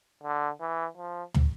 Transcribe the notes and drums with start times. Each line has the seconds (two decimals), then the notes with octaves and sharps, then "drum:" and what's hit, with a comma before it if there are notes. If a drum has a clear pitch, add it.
0.23 D3
0.61 E3
0.97 F3
1.34 drum: tom